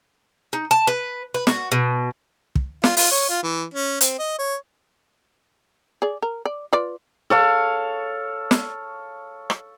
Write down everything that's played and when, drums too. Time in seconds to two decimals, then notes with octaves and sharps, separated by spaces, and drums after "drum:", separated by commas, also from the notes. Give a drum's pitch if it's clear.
0.53 D#4
0.71 A5
0.87 B4
1.34 B4
1.47 F#4, drum: snare
1.72 B2
2.55 drum: kick
2.84 F4, drum: snare
2.97 F4, drum: open hi-hat
3.12 C#5
3.30 F4
3.43 E3
3.74 C#4
4.01 C4, drum: hi-hat
4.19 D#5
4.39 C#5
6.02 G#4 D5
6.22 A#4
6.45 D5
6.73 F4 B4 D5
7.30 A4 C#5 F5
8.51 drum: snare
9.50 drum: rim click